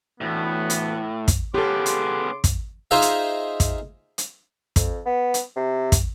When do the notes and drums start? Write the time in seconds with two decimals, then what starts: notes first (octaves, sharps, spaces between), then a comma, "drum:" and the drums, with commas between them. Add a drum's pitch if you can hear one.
0.21 D2 A2 E3 B3
0.70 drum: hi-hat
1.28 drum: kick, hi-hat
1.54 C#3 B3 C#4 G4 A4 C6 D6
1.86 drum: hi-hat
2.44 drum: kick, hi-hat
2.91 D#4 F4 G#4 C5 D#5 E5
3.02 drum: hi-hat
3.60 drum: kick, hi-hat
4.18 drum: hi-hat
4.76 F2, drum: kick, hi-hat
5.06 B3
5.34 drum: hi-hat
5.56 C3
5.92 drum: kick, hi-hat